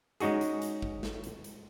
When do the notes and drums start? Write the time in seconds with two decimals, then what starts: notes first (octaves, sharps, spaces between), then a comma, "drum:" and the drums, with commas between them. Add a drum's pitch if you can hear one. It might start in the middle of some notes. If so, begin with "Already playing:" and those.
0.20 G#3 C#4 D#4 F#4 G#4, drum: hi-hat
0.41 drum: hi-hat
0.62 drum: hi-hat
0.82 drum: kick G#1
1.03 drum: snare
1.24 drum: hi-hat
1.44 drum: hi-hat